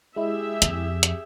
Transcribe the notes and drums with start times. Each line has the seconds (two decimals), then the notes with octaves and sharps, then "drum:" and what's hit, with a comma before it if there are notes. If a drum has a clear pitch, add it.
0.16 G#3 E4 G4 G#4 E5
0.62 F2, drum: hi-hat
1.03 drum: hi-hat